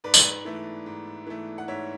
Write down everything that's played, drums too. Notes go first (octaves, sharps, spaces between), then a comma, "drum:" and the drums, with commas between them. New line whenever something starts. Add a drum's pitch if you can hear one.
G#2 B4 D5
drum: tambourine
E3 A3
G#2
E3 A3
F#5
G#2 C#5 E5